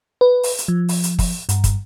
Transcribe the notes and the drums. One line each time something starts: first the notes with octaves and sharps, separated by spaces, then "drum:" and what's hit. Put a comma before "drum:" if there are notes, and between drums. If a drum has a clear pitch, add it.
B4
drum: open hi-hat
drum: hi-hat
F3
drum: open hi-hat
drum: hi-hat
drum: kick, open hi-hat
G2, drum: hi-hat
drum: kick, hi-hat